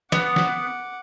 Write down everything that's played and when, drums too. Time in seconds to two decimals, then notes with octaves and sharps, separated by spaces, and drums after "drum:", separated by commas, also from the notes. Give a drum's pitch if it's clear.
0.12 B3 F#5 D6, drum: snare
0.36 drum: snare